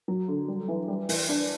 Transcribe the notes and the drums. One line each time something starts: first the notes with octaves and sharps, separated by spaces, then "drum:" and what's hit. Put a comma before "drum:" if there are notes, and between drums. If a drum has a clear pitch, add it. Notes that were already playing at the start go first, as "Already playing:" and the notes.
F#3
D3
G3
E3
G3
E3, drum: open hi-hat
D4